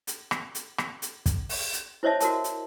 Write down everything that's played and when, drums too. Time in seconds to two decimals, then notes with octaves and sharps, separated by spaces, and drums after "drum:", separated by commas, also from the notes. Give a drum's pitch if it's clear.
0.07 drum: hi-hat
0.31 drum: rim click
0.55 drum: hi-hat
0.78 drum: rim click
1.02 drum: hi-hat
1.26 drum: kick, hi-hat
1.49 drum: open hi-hat
1.73 drum: hi-hat
2.03 E4 C5 C#5 D#5 E5 A5
2.20 F#4 A#4 A5, drum: hi-hat
2.44 drum: hi-hat